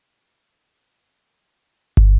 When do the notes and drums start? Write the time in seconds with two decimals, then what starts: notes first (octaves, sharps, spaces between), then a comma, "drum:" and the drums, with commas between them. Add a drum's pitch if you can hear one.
0.08 C5 F#5 B5
0.94 F#3 G3 C#4 F#4
1.97 drum: kick